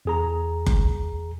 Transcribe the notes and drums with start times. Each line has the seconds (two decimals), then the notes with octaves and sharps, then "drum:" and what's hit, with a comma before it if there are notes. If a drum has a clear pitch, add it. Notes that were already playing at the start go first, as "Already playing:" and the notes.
0.05 E2 G#4 A#5
0.66 drum: kick F#1